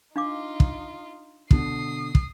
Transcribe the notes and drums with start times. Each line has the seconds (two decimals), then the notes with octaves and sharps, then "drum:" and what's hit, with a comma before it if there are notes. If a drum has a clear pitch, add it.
0.16 D4 D#4 F4 F5 D6
0.60 drum: kick
1.51 B2 D3 D#6 C7, drum: kick
2.15 drum: kick